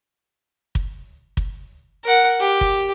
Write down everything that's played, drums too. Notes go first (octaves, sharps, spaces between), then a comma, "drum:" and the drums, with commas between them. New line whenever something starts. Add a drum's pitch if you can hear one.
drum: kick
drum: kick
A#4 F#5
G4
drum: kick